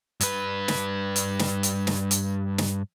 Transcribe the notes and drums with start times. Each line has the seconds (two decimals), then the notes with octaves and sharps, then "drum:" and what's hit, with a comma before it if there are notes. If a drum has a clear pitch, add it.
0.21 G2 B4, drum: hi-hat
0.68 drum: snare
1.16 drum: hi-hat
1.39 drum: snare
1.63 drum: hi-hat
1.87 drum: snare
2.11 drum: hi-hat
2.58 drum: snare